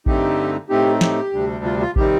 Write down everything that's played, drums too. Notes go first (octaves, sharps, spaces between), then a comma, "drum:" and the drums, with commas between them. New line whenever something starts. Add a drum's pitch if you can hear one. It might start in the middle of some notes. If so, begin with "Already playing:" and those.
G2 D3 A3 C4 D#4 G4, drum: kick A1
A2 A3 C4 D#4 G4
G4, drum: snare
D2 C3 G3 D4
F4
F4
C3 D#3 G3 C4 D#4 G4, drum: kick A1